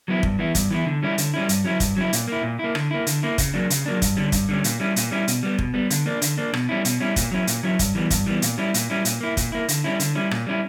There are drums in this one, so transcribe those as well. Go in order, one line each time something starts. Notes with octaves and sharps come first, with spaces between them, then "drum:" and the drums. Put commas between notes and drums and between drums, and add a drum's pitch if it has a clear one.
F#3 B3 E4
G2, drum: kick
E3 B3 E4
G2, drum: kick, hi-hat
E3 B3 E4
D3
G3 C#4 E4
D3, drum: hi-hat
G3 C#4 E4
G2, drum: hi-hat
F#3 C#4 E4
G2, drum: kick, hi-hat
F#3 C#4 E4
A#2, drum: hi-hat
A#3 E4
A#2
A#3 E4
D3, drum: rim click
A#3 E4
D3, drum: hi-hat
A#3 E4
C#3, drum: kick, hi-hat
F#3 A#3 D4
C#3, drum: hi-hat
F#3 A#3 D4
G2, drum: kick, hi-hat
D3 G3 C#4
G2, drum: kick, hi-hat
D3 G3 C#4
A#2, drum: hi-hat
G3 C#4 E4
A#2, drum: hi-hat
G3 C#4 E4
B2, drum: hi-hat
G3 B3
B2, drum: kick
G3 B3
D3, drum: hi-hat
A#3 D4
D3, drum: hi-hat
A#3 D4
B2, drum: rim click
G3 C#4 E4
B2, drum: hi-hat
G3 C#4 E4
A#2, drum: kick, hi-hat
F#3 C#4 E4
A#2, drum: hi-hat
F#3 C#4 E4
G2, drum: kick, hi-hat
E3 G3 B3
G2, drum: kick, hi-hat
E3 G3 B3
A#2, drum: hi-hat
G3 C#4 E4
A#2, drum: hi-hat
G3 C#4 E4
A#2, drum: hi-hat
A#3 E4
A#2, drum: kick, hi-hat
A#3 E4
D3, drum: hi-hat
G3 C#4 E4
D3, drum: hi-hat
G3 C#4 E4
A#2, drum: rim click
G3 C#4 E4